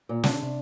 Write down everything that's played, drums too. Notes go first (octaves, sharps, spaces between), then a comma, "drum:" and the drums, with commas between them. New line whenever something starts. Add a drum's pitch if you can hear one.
A#2
C3 D4, drum: snare
D3
C3